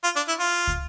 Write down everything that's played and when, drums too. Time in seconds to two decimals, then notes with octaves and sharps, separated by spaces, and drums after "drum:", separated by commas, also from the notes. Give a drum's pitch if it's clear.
0.04 F4
0.16 D4
0.28 E4
0.39 F4
0.67 drum: kick